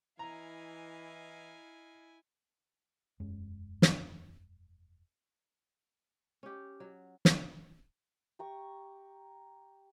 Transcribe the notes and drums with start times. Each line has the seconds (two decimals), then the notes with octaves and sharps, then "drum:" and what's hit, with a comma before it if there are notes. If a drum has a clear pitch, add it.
0.19 E3 E4 D#5 F5 G#5 A#5
3.20 E1 F#2 G#3 C#4
3.82 drum: snare
6.43 C#4 G4
6.80 F#3
7.25 drum: snare
8.39 G4 A#5 C#6